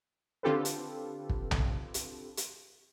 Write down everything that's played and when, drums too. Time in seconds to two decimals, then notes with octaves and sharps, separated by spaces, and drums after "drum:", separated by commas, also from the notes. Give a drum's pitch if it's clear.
0.43 D3 C4 F4 G4 A4 B4
0.65 drum: hi-hat
1.29 drum: kick
1.51 drum: tom B1
1.94 drum: hi-hat
2.37 drum: hi-hat